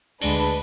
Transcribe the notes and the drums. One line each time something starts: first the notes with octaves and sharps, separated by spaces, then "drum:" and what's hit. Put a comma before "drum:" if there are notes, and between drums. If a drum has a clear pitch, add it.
D2 D3 G#3 D4 B4, drum: cymbal